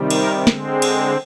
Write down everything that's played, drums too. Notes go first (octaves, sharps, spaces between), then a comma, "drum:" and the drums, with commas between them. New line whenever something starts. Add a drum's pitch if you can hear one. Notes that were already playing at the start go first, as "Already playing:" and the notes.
Already playing: C3 D#3 G3
A#4, drum: cymbal
D3 G#3 C4, drum: snare
G#4, drum: cymbal